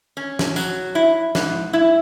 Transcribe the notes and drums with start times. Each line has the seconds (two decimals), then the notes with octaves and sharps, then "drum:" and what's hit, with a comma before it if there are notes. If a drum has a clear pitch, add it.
0.17 C#4
0.39 drum: snare
0.56 F#3, drum: tambourine
0.95 E4
1.35 G#2, drum: snare
1.73 E4